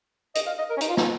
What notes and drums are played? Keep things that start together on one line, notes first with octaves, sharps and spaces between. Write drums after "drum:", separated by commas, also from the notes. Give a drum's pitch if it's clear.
D#5, drum: hi-hat
F5
D#5
A#4
C#4
D#4, drum: hi-hat
F4
D#4, drum: snare